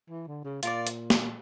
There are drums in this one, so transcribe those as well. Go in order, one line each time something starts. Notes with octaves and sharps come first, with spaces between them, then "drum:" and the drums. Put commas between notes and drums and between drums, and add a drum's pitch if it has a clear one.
E3
D3
C#3
A#2 F4 A#4 D5, drum: hi-hat
drum: hi-hat
drum: snare